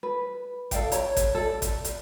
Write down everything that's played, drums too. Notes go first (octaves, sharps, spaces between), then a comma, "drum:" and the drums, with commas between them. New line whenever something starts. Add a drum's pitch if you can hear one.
B4
A4 D5 F5 G5, drum: kick G#1, hi-hat
C#5 A#5, drum: hi-hat
drum: kick G#1, hi-hat
A4 D5
drum: kick G#1, hi-hat
drum: hi-hat